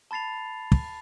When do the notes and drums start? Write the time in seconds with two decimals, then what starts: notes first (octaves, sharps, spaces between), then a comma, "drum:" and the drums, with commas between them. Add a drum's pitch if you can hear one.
0.11 A5 B5 A6 C7 F7
0.72 drum: kick